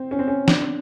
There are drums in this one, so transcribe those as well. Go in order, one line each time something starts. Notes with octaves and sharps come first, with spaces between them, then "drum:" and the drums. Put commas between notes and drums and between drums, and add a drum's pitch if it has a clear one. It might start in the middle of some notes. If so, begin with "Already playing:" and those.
Already playing: C4
C#4
C4
C#4
D4, drum: snare